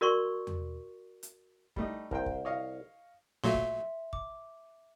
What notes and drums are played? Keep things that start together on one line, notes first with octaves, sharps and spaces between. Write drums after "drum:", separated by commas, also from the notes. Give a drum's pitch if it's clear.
F#4 A#4 D5 C6 C#6
drum: tom E2
drum: hi-hat
G3 A3 D#4, drum: kick
C2 A#4 C5 G5, drum: kick
drum: kick
C#5 D#5 F5
A#2 F#3 A3 E5 C6
drum: kick
D6, drum: kick